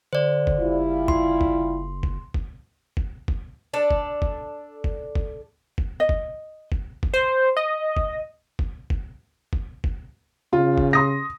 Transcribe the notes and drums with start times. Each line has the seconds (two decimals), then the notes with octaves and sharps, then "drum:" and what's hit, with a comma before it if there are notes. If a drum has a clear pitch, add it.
0.13 D3 C5 D5
0.47 drum: kick
0.59 F#1 G3 E4 F4
1.08 C6, drum: kick
1.41 drum: kick
2.03 drum: kick
2.34 drum: kick
2.97 drum: kick
3.28 drum: kick
3.74 D4 A4 D5
3.91 drum: kick
4.22 drum: kick
4.84 drum: kick
5.15 drum: kick
5.78 drum: kick
6.00 D#5
6.09 drum: kick
6.72 drum: kick
7.03 drum: kick
7.14 C5
7.57 D#5
7.97 drum: kick
8.59 drum: kick
8.90 drum: kick
9.53 drum: kick
9.84 drum: kick
10.53 C#3 F4
10.78 drum: kick
10.93 C6 D#6 A#6